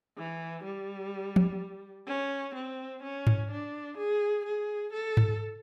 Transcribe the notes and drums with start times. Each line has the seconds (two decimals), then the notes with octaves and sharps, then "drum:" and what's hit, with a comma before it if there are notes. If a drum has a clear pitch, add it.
0.18 E3
0.64 G3
1.36 drum: tom
2.07 C#4
2.55 C4
3.03 C#4
3.27 drum: tom G#2
3.51 D4
3.98 G#4
4.46 G#4
4.93 A4
5.17 drum: tom G#2